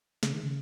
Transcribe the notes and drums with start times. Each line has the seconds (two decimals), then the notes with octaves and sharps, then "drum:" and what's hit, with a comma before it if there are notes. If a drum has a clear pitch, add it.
0.23 C#3, drum: snare
0.33 D#3
0.43 C#3